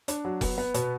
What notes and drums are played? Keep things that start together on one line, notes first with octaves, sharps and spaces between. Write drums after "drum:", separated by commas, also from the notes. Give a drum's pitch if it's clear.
D4, drum: hi-hat
F#3
B3, drum: kick F1, open hi-hat
B3
B2, drum: hi-hat